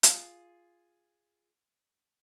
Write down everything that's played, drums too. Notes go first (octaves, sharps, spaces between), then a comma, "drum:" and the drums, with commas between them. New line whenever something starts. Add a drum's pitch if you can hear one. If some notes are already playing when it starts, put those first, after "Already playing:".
F4 G#4, drum: hi-hat